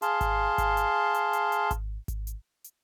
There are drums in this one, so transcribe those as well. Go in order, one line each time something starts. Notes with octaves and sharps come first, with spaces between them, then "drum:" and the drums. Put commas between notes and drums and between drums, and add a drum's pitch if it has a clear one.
G#4 F5 A5 C6, drum: hi-hat
drum: kick G#1, hi-hat
drum: kick G#1, hi-hat
drum: hi-hat
drum: hi-hat
drum: hi-hat
drum: hi-hat
drum: kick G#1, hi-hat
drum: kick G#1, hi-hat
drum: hi-hat
drum: hi-hat